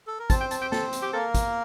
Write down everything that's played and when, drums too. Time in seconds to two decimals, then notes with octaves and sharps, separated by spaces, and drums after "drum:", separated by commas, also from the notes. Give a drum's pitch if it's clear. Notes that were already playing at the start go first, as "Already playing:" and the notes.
0.07 A4
0.19 A#4
0.30 C4 C5 A5, drum: kick, hi-hat
0.41 G5
0.51 A5, drum: hi-hat
0.62 G5
0.72 A4, drum: snare
0.93 drum: hi-hat
1.02 G4
1.13 A#3 A4 A#4
1.34 drum: kick, hi-hat